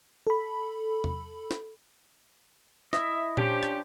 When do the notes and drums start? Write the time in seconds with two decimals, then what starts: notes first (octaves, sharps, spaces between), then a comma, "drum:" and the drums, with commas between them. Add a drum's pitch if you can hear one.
0.27 A4 B5
1.04 drum: tom E2
1.51 drum: snare
2.93 E4 D#5 E5, drum: snare
3.37 F3 C#4 D4 G4 C5, drum: tom A#2
3.63 drum: rim click